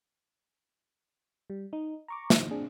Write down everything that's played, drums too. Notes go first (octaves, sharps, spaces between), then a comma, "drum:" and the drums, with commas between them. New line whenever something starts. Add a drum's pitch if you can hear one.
G3
D#4
A#5 C#6 D6
D3 E3 F#3 D#4 E4, drum: snare
C4 D4 G#4